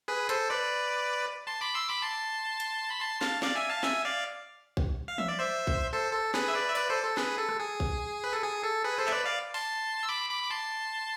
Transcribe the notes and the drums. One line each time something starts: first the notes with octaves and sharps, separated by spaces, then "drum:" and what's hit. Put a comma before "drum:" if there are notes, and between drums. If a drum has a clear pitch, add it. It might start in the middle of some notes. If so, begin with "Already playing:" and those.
G#4 B4
A4 C5, drum: hi-hat
B4 D5
A5 C6
B5 D6
C6 E6
B5 D6
A5 C6
drum: hi-hat
B5
A5 C6
F5 A5, drum: snare
D5 F5, drum: snare
E5 G#5
F5 A5
E5 G#5, drum: snare
D5 F5
drum: kick A#1
F5
E5, drum: tom E3
D5
C5 E5
drum: kick A#1
A4 C5
A4
G#4 B4, drum: snare
E5
B4 D5
E5
B4 D5, drum: tambourine
A4 C5
A4
G#4 B4, drum: snare
A4
drum: rim click
G#4
drum: kick A#1
B4
A4
G#4
A4
G#4 B4
A4 C5
E5, drum: clap
B4 D5
D5 F5
A5 C6, drum: open hi-hat
E6
B5 D6
B5 D6
D6
A5 C6